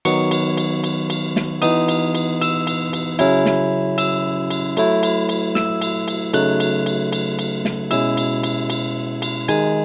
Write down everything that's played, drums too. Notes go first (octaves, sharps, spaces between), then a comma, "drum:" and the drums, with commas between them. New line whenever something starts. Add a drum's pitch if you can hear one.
D#3 F#3 B3 D#4 C#6, drum: cymbal
drum: cymbal
drum: cymbal
drum: cymbal
drum: cymbal
drum: snare
E3 B3 D#4 D#6, drum: cymbal
drum: cymbal
drum: cymbal
E6, drum: cymbal
drum: cymbal
drum: cymbal
C#3 F#3 C#4 E4, drum: cymbal
drum: snare
E6, drum: cymbal
drum: cymbal
F#3 A3 E4, drum: cymbal
drum: cymbal
drum: cymbal
E6, drum: snare
drum: cymbal
drum: cymbal
C#3 F#3 A3 D#4 F#6, drum: cymbal
drum: cymbal
drum: cymbal
drum: cymbal
drum: cymbal
drum: snare
B2 G#3 C#4 E4 E6, drum: cymbal
drum: cymbal
drum: cymbal
drum: cymbal
drum: cymbal
D#3 G#3 D#4 G#5, drum: cymbal